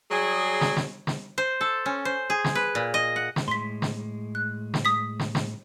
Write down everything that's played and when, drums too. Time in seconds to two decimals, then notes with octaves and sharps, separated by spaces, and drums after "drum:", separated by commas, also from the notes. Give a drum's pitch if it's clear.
0.11 F#3 G3 G#4
0.61 drum: snare
0.76 drum: snare
1.07 drum: snare
1.38 C5
1.61 A4
1.86 C#4
2.05 C5
2.30 G#4
2.45 drum: snare
2.55 B4
2.75 A#2
2.94 D#5
3.16 F#5
3.36 drum: snare
3.48 A2 G#3 C6 B6
3.82 drum: snare
4.35 F#6
4.74 drum: snare
4.85 D#6 B6
5.19 drum: snare
5.35 drum: snare